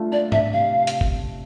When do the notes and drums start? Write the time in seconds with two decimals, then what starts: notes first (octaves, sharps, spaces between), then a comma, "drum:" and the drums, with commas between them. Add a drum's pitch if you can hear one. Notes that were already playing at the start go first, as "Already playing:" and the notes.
Already playing: A3 D4 F4
0.12 D4 D5
0.32 D4 E5, drum: tom G#2
0.53 C3 F5
0.87 drum: hi-hat
1.01 drum: kick G1